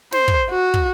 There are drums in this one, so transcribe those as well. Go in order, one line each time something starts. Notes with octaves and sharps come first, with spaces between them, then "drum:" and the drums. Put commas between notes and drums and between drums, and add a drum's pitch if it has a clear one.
C5, drum: snare
drum: kick
F#4
drum: kick